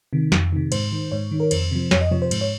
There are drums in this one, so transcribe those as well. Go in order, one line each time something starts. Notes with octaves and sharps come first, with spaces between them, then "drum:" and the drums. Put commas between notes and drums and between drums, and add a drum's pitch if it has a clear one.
C3 D#3
F2, drum: snare
C3 D#3
G#2 C5, drum: cymbal
D#3
G#2 C#5
D#3
A#4
F2 C5, drum: cymbal
C3 F3
F2 C#5, drum: snare
D#5
C3 F3 C#5
C5
G#2, drum: cymbal
C#5